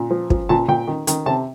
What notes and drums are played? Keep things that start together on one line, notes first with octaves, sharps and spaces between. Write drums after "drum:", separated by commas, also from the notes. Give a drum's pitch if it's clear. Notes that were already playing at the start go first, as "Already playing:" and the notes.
Already playing: A#2
F3
F3, drum: kick
A#2 A5
A#2 G5
D#3
D#3, drum: hi-hat
C3 A5